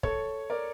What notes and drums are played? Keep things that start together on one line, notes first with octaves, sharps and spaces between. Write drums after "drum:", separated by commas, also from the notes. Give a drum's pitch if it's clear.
A4 C#5, drum: kick
A#4 D5